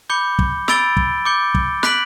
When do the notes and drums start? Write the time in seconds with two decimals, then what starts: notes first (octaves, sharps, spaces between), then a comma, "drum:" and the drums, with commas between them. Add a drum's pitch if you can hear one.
0.10 B5 D6 G6 C#7 G7
0.39 drum: kick
0.68 B5 E6 A6 D7 G7, drum: snare
0.97 drum: kick
1.25 D6 G6 C#7 G7
1.55 drum: kick
1.83 F#6 B6 D7 F#7, drum: snare